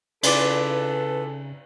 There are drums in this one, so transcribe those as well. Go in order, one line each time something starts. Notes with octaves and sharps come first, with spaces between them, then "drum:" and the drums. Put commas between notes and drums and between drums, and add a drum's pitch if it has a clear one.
C#3 E4 F4 A4 B4 D5, drum: cymbal